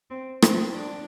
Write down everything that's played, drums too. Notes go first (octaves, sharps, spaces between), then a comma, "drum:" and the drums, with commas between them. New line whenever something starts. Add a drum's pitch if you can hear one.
C4
C4, drum: rim click
D4